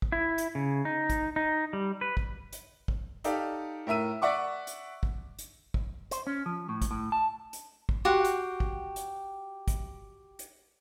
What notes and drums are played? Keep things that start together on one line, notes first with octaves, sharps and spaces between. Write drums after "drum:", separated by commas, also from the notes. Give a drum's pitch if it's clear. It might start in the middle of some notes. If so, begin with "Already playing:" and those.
drum: kick
E4
drum: hi-hat
C#3
D#4
drum: kick, hi-hat
D#4
G3
B4
drum: kick
drum: hi-hat
drum: kick
D#4 G4 A4 D5 F5, drum: hi-hat
A2 A#4 E5 E6 D#7
D5 E5 F#5 C#6 D6
drum: hi-hat
drum: kick
drum: hi-hat
drum: kick
C5, drum: hi-hat
C#4
F3
A2
drum: kick, hi-hat
A2
A5
drum: hi-hat
drum: kick
F#4 G4 F#5 C6
drum: hi-hat
drum: kick
drum: hi-hat
drum: kick, hi-hat
drum: hi-hat